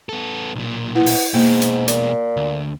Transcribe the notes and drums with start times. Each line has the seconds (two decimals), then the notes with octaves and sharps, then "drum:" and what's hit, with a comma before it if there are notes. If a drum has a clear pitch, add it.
0.09 B3 A4
0.55 B1 A#2
0.95 B3 E4
1.06 drum: open hi-hat
1.34 G#2 B2 G#3 A#3
1.62 drum: hi-hat
1.88 A#2, drum: hi-hat
2.37 D2